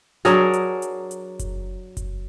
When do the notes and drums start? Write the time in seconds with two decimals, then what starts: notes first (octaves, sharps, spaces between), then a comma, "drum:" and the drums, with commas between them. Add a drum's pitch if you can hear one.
0.25 F#3 D4 G#4 A#4, drum: snare
0.53 drum: hi-hat
0.82 drum: hi-hat
1.11 drum: hi-hat
1.39 drum: kick F#1, hi-hat
1.97 drum: kick F#1, hi-hat